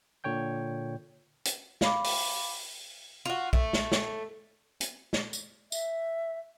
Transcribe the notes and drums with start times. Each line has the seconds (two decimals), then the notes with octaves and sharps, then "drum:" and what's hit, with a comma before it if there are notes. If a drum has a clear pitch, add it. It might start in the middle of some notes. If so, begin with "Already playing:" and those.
0.24 A#2 D3 C#5 G5 G6
1.45 drum: hi-hat
1.81 F5 B5 D6, drum: snare
2.04 drum: open hi-hat
3.25 F4 F#4
3.53 A3, drum: kick B1
3.73 drum: snare
3.92 drum: snare
4.81 drum: hi-hat
5.13 drum: snare
5.33 drum: tambourine
5.72 E5, drum: tambourine